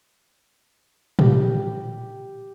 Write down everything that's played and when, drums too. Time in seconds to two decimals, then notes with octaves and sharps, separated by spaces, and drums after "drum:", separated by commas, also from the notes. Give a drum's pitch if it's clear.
1.19 G4, drum: tom A2